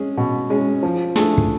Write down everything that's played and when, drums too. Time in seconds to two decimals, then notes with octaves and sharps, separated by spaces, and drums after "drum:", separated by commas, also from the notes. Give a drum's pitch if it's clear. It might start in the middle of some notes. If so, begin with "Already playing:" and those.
Already playing: G#3 C#4 G#4
0.18 B2
0.50 G#3 C#4 G#4
0.83 F3
1.16 A3 D4 G#4, drum: snare
1.38 drum: kick